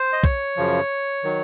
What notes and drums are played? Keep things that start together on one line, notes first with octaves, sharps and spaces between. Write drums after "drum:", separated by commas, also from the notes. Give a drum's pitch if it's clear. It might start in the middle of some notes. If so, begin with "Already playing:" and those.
Already playing: C5
D#5
C#5, drum: kick
F#2 C#3 F3
D#3 F#3